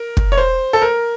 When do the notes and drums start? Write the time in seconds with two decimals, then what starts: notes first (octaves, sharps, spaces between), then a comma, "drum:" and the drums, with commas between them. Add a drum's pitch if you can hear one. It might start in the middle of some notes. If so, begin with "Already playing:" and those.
Already playing: A#4
0.17 drum: kick
0.32 C#5
0.38 C5
0.73 A4
0.82 A#4